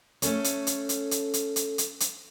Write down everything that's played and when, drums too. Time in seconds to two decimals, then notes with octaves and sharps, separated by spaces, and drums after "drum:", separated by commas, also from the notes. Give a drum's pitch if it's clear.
0.22 A3 C#4 A4 C#5, drum: hi-hat
0.44 drum: hi-hat
0.67 drum: hi-hat
0.89 drum: hi-hat
1.11 drum: hi-hat
1.34 drum: hi-hat
1.56 drum: hi-hat
1.78 drum: hi-hat
2.00 drum: hi-hat